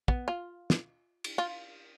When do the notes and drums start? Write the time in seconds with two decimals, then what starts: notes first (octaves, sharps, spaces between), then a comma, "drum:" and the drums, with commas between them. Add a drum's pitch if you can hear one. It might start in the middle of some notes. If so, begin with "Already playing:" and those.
0.08 B3, drum: kick
0.28 F4
0.70 drum: snare
1.24 drum: cymbal
1.38 F4